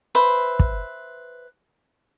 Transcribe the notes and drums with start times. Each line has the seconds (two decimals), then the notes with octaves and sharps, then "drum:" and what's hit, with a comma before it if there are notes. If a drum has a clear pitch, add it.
0.15 B4 C5 E5
0.60 drum: kick